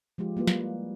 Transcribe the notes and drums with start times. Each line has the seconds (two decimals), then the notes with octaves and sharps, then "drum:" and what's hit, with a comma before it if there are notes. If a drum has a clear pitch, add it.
0.18 F3 G#3 F4 G4
0.37 G3 A#3 E4 F4 B4
0.47 drum: snare